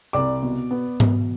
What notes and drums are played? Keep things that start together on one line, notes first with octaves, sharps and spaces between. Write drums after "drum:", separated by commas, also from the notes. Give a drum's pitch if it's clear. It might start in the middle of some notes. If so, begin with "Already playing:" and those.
C2 D5 D6
B2
B3
B2, drum: tom G#2